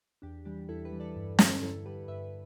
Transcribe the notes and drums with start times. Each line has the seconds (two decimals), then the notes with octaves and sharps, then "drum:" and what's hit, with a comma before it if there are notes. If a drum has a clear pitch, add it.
0.22 E2 D4 G4
0.45 E3 G3 D4 G4
0.69 E2 E4 A4
0.85 G4 B4
0.92 E3 G3
1.00 A4 D5
1.16 G2
1.39 D3 G3, drum: snare
1.61 G2 E4 A4
1.85 D3 G3 G4 B4
2.08 G2 B4 E5